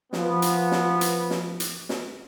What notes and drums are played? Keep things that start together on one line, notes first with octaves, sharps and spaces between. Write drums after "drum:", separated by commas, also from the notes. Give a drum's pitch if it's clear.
F3 B3, drum: snare
drum: hi-hat
drum: snare
drum: hi-hat
drum: snare
drum: hi-hat
drum: snare